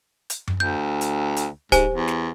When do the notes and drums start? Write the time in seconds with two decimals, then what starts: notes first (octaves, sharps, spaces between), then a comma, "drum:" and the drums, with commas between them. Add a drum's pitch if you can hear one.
0.30 drum: hi-hat
0.48 drum: tom F#2
0.60 D2 G6
1.01 drum: hi-hat
1.37 drum: hi-hat
1.72 G#2 G4 C5 G#5, drum: kick, hi-hat
1.93 E2
2.08 drum: snare